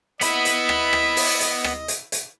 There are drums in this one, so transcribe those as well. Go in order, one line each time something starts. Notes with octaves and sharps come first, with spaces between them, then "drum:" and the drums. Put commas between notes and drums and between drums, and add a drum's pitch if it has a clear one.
B3 E4 D#5 E5 B5, drum: hi-hat
drum: hi-hat
drum: rim click
drum: rim click
drum: open hi-hat
drum: hi-hat
drum: rim click
drum: hi-hat
drum: hi-hat